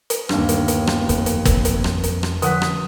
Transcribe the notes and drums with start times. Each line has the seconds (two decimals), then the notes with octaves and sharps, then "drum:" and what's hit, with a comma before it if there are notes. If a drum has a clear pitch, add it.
0.10 drum: hi-hat
0.29 G1 D#2 G3 D4, drum: rim click
0.49 drum: hi-hat
0.68 drum: hi-hat
0.87 drum: rim click
1.09 F2, drum: hi-hat
1.26 drum: hi-hat
1.45 drum: kick, hi-hat
1.65 drum: hi-hat
1.84 drum: rim click
2.04 drum: hi-hat
2.23 drum: rim click
2.42 D3 F3 F#5 D#6 F#6 B6, drum: hi-hat
2.62 drum: rim click